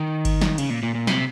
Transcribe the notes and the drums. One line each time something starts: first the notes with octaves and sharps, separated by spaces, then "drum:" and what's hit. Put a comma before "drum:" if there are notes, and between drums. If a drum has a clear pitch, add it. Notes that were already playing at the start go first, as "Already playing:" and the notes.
Already playing: D#3
drum: kick G1, cymbal
drum: snare
C#3, drum: cymbal
A#2
A#2
A#2
C3, drum: snare